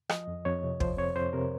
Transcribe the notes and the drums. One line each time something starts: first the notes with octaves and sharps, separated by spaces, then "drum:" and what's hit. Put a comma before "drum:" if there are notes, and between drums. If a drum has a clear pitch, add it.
F3 D#5, drum: rim click
F2
F2 C#5
C3
F3 C5, drum: kick
F2 C#5
F2 C5
C3 A#4